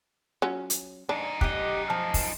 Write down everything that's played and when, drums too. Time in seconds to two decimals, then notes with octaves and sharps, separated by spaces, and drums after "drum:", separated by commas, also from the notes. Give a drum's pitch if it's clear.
0.42 F#3 C#4 F4
0.70 drum: hi-hat
1.09 F#2 D4 D#4
1.41 G4 D#5 F#6, drum: kick
1.90 F3 A5
2.14 drum: kick, open hi-hat